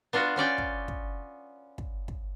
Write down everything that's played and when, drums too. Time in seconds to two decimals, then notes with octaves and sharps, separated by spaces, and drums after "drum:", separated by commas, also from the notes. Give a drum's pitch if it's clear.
0.13 B3 D4 F4 F#4
0.36 B3 C#4 D5 G5
0.58 drum: kick
0.88 drum: kick
1.78 drum: kick
2.08 drum: kick